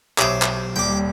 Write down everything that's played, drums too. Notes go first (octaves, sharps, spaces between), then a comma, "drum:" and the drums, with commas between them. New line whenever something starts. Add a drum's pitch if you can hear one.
B1 G4 C5 C#5 E5 D#6, drum: clap
drum: clap
D#1 G3 G5 D6